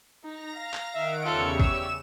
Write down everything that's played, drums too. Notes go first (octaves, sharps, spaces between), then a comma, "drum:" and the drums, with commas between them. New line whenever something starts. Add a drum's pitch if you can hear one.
D#4 A#5 A#6
F5
drum: clap
D#3 E5 F#5 D7
E2 C#3 G3 F4 A4 C#5 E5
G4 E6 E7, drum: kick